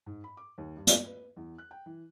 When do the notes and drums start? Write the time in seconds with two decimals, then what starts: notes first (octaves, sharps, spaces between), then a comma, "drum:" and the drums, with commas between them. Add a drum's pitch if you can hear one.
0.06 G#2
0.24 B5
0.37 D6
0.58 D#2
0.77 G2
0.87 drum: hi-hat
1.05 B4
1.36 E2
1.58 F#6
1.71 G5
1.86 E3